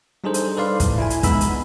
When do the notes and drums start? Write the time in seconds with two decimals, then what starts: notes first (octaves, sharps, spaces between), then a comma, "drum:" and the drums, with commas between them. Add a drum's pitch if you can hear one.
0.24 G3 D4 D#4 G#4 A4 C5
0.34 drum: hi-hat
0.57 A4 B4 D5 F5 C6
0.80 A2, drum: kick, hi-hat
0.98 E4 F4 G#5
1.10 drum: hi-hat
1.23 G#3 B3 D#4 B5 E6, drum: kick, hi-hat
1.41 drum: hi-hat